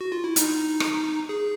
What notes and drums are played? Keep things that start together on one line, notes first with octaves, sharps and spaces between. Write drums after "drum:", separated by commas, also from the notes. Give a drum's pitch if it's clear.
F#4
F4
E4
D#4, drum: hi-hat
drum: rim click
G#4